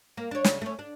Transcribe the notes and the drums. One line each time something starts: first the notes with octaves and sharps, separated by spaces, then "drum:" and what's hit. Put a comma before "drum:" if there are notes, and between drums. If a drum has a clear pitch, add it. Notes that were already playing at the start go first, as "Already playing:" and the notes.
A#3
D4 C#5
D2 C#3, drum: snare
A3 C#4
D4